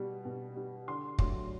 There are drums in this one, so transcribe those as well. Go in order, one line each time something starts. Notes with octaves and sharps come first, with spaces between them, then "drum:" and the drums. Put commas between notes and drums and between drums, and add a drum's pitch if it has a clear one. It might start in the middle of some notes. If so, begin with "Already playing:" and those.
Already playing: B2 G3
B2
G3
D3 C6
F#3 A3 C6, drum: kick